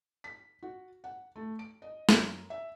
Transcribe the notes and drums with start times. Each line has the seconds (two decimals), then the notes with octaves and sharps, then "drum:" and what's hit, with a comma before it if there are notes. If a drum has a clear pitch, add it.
0.24 B6
0.63 F#4
1.04 F#5
1.36 A3
1.59 D7
1.82 D#5
2.09 F#2, drum: snare
2.50 E5